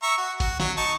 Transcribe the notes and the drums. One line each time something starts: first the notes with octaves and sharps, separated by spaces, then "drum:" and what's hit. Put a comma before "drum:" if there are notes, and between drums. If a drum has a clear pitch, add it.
E5 A#5 C#6
F#4
F#4, drum: kick G1, hi-hat
F#3, drum: snare
D#4 A5 C#6